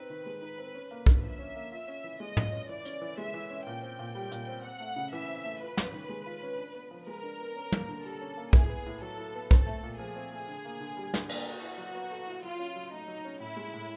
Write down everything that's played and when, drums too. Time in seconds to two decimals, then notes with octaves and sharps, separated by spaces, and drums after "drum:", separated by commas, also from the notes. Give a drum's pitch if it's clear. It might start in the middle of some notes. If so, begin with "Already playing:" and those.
Already playing: C4 D#4 B4
0.10 D#3
0.26 G#3
0.42 D#4
0.58 C4
0.74 C#4
0.91 A#3
1.06 D3, drum: kick
1.23 F3 E5
1.39 C#4
1.56 A#3
1.71 F4
1.88 C#4
2.04 E3
2.20 G#3 D#5
2.37 F4, drum: tom
2.53 C#4
2.69 E3 D5
2.85 C#4, drum: hi-hat
3.02 E3
3.18 G#3 E5
3.34 E3
3.50 C#4
3.66 A#2 G5
3.83 C4
3.99 A#2
4.15 G3
4.31 A#2, drum: hi-hat
4.48 C4
4.64 C4 F#5
4.80 A3
4.96 C#3
5.13 E3 E5
5.28 C4
5.45 A3
5.61 F4 B4
5.77 C#4, drum: snare
5.94 D#3
6.09 G#3
6.26 F4
6.43 C#4
6.58 D4
6.75 B3
6.91 F3
7.07 G#3 A#4
7.23 D4
7.40 B3
7.56 C#4
7.72 A#3, drum: tom
7.89 D3
8.04 G3 A4
8.21 C#4
8.37 A#3
8.53 E4 G#4, drum: kick
8.69 B3
8.86 A2
9.02 F#3 A4
9.18 E4
9.35 B3
9.51 C4 A4, drum: kick
9.66 A3
9.83 A#2
9.99 F3 G#4
10.16 C4
10.32 A3
10.48 D3
10.65 A#3
10.81 D3
10.97 G3
11.14 D3, drum: snare
11.29 A#3, drum: cymbal
11.46 F#4 A4
11.62 E4
11.78 F#3
11.94 B3
12.11 A4
12.27 E4
12.43 F#3 F4
12.59 C#4
12.76 F#3
12.92 A3 D#4
13.08 F#3
13.25 C#4
13.40 A2 E4
13.57 G#3
13.73 A2